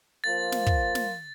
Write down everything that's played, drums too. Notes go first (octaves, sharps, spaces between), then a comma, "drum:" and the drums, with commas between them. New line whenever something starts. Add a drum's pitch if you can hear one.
F3 A#3 F4 A6
drum: snare
drum: kick
drum: snare